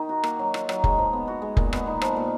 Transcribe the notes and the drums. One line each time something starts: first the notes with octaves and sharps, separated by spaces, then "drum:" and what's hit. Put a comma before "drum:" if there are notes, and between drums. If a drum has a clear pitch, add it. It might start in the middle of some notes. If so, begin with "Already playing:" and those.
Already playing: D#3 D#4
F#4
A#3, drum: rim click
F#3
F4, drum: rim click
F#3, drum: rim click
G#3, drum: kick F1
F3
B3
F#4
G#3
A#2, drum: kick F1
B3, drum: rim click
D#4
F3, drum: rim click
A#2